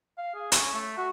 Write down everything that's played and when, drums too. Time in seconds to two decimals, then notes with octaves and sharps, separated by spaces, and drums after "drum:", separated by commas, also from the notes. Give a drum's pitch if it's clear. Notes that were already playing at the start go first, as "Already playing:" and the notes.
0.18 F5
0.34 G#4
0.52 C#4, drum: hi-hat
0.73 A3
0.97 F#4